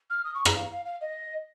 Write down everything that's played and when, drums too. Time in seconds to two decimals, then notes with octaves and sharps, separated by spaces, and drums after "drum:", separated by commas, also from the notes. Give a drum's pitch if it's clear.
0.10 F6
0.24 D#6
0.35 C#6
0.45 A#5, drum: rim click
0.55 F5
0.71 F5
0.85 F5
1.01 D#5